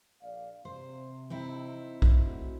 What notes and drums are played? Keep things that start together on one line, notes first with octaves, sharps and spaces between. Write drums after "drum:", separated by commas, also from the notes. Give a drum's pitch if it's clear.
A#1 D5 F5
C3 C5
C4 D#4 E4
drum: kick B1
D2 F#4